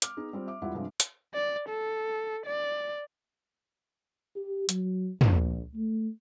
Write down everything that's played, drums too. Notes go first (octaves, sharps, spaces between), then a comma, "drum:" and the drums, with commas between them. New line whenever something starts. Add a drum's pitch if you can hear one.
D6 F6, drum: hi-hat
B3 D#4 G#4
G3 C4 F4
E5 D6
E1 G3 E4 F4 E5 F#5
G2 C3 F3 G3 G#3
drum: hi-hat
D5
A4
D5
G4
F#3, drum: hi-hat
A#1, drum: tom
A3